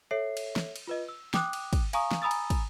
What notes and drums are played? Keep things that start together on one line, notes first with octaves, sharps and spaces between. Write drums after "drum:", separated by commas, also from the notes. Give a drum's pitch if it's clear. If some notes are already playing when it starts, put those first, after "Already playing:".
A4 C#5 E5 C7
drum: cymbal
drum: snare
drum: cymbal
F4 B4 D#5
E6
G5 D6 D#6 F#6, drum: snare
drum: cymbal
drum: kick, cymbal
F5 G#5 A#5 C#6 D#6, drum: cymbal
drum: snare
G#5 A#5 B5 D#6 E6 A6
drum: cymbal
drum: kick, cymbal